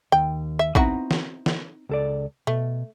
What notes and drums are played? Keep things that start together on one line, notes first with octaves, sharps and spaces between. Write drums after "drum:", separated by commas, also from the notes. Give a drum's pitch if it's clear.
D#2 G5
E5
B3 C4 D#4 E4 F#4 A#5, drum: kick
drum: snare
drum: snare
C#2 A4 D5
B2 A3